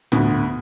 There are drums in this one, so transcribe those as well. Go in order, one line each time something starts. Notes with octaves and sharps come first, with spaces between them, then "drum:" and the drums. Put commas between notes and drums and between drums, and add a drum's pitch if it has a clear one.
D2 D3 B3, drum: tom A2